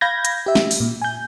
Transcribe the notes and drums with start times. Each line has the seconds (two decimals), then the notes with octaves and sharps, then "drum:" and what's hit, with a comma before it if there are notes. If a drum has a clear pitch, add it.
0.01 F5 B5 G6 G#6 A#6
0.25 drum: hi-hat
0.46 G4 E5
0.55 drum: snare
0.71 drum: open hi-hat
0.80 A#2
1.02 G#5 G6